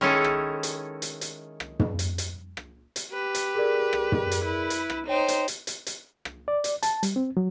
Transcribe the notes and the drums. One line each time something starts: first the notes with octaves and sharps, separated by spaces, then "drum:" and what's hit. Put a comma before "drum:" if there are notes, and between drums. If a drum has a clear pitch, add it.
D#3 G#3 C#4 D#4 E4 A4
drum: rim click
drum: hi-hat
drum: hi-hat
drum: hi-hat
drum: rim click
drum: tom
drum: hi-hat
drum: hi-hat
drum: rim click
drum: hi-hat
G4 B4
drum: hi-hat
G#4 A#4 D5
drum: rim click
drum: tom
drum: hi-hat
E4 B4
drum: hi-hat
drum: rim click
D#4 C5 C#5 G5 D7
drum: hi-hat
drum: hi-hat
drum: hi-hat
drum: hi-hat
drum: rim click
D5
drum: hi-hat
A5, drum: hi-hat
G3, drum: hi-hat
C4
F#3